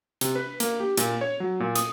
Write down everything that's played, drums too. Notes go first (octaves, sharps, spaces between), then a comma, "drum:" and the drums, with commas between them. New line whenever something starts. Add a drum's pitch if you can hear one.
C3, drum: hi-hat
B4
A#3, drum: hi-hat
G4
A#2, drum: hi-hat
C#5
F#3
A#2
D#6, drum: hi-hat